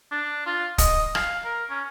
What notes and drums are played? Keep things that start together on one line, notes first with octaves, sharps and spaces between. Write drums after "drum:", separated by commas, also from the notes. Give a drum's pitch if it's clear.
D4
F4
D#5, drum: kick, hi-hat
F5, drum: rim click
A#4
C#4